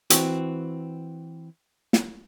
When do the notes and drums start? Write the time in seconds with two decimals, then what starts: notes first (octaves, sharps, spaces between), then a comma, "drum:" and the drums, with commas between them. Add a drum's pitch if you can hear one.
0.10 E3 C4 F#4, drum: hi-hat
1.93 drum: snare